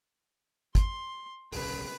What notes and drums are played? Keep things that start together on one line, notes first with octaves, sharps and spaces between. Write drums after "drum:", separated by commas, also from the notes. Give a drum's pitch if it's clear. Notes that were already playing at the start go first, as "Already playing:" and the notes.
C6, drum: kick, hi-hat
D1 B1 C#3 B4, drum: open hi-hat